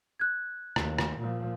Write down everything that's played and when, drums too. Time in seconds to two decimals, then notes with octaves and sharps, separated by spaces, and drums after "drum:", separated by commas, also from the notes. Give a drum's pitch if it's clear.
0.20 F#6 G#6
0.76 D#2, drum: rim click
0.99 drum: rim click
1.18 A#2 F3